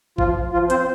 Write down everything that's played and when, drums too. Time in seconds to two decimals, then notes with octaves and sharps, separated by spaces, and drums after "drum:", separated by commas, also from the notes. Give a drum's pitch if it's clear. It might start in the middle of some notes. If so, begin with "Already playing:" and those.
0.18 F3 F4, drum: kick G#1
0.53 F3 F4
0.70 C4 C5, drum: hi-hat